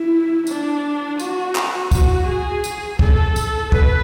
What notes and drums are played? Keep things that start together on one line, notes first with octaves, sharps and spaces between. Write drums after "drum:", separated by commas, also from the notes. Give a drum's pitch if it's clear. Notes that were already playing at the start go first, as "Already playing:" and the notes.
Already playing: E4
D4, drum: tambourine
F#4, drum: tambourine
drum: clap
F#4, drum: kick, tambourine
G#4
drum: tambourine
A4, drum: kick
drum: tambourine
B4, drum: kick